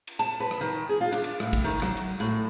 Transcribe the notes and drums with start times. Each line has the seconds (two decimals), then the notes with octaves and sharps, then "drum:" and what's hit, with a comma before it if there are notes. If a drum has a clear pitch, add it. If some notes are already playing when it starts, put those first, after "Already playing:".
0.07 drum: cymbal
0.19 A5, drum: cymbal
0.40 B4
0.51 drum: rim click
0.61 D#3
0.89 G#4
1.01 F4
1.12 D4, drum: cymbal
1.24 drum: cymbal
1.40 A2, drum: rim click
1.53 drum: kick, cymbal
1.64 D#3
1.82 F#3, drum: rim click
1.97 drum: cymbal
2.20 A2